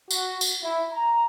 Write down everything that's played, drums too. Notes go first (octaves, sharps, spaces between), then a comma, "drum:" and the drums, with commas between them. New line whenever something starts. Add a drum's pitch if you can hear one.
F#4, drum: tambourine
drum: tambourine
E4
A#5